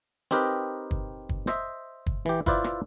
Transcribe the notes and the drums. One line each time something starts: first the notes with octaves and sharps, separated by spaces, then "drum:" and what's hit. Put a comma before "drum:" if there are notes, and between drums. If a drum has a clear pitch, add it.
C4 D#4 G4 A#4 B4 D#5
drum: kick
drum: kick
C5 D#5 E5, drum: rim click
drum: kick
E3 G4
E4 F4 B4 C5 D5 E5, drum: kick
drum: rim click